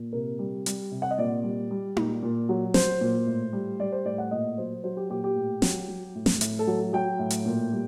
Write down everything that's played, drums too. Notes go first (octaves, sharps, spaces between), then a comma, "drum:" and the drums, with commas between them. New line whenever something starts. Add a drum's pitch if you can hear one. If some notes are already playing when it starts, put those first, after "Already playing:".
Already playing: A#2
C3 A#4
G3
G3, drum: hi-hat
C3
F#5
D#5
A#2 D5
G3
G3
A#2, drum: tom D#4
A#2
F#3
F#3 C5, drum: snare
A#2
A2
G3
G3 D5
C5
A2 D5
F#5
A#2 D#5
F#3 C5
F#3 C5
G4
A#2 G4
G4
A2
F#3, drum: snare
F#3
A2
drum: snare
A2, drum: hi-hat
A4
F#3
F#3 G5
A2
drum: hi-hat
A#2
G3